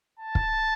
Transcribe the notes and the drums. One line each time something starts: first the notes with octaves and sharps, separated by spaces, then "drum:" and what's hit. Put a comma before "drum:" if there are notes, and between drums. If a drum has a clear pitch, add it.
A5
drum: kick